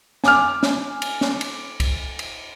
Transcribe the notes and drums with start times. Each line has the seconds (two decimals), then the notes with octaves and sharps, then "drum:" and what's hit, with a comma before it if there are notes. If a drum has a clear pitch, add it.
0.24 G#5 D6 F6, drum: snare
0.63 drum: snare
1.02 drum: cymbal
1.21 drum: snare
1.41 drum: cymbal
1.80 drum: kick C2, cymbal
2.19 drum: cymbal